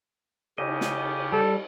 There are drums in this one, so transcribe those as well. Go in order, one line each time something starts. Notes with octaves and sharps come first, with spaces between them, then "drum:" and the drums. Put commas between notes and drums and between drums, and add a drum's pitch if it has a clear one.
C#3 G4 D#5, drum: cymbal
drum: snare
G3 A4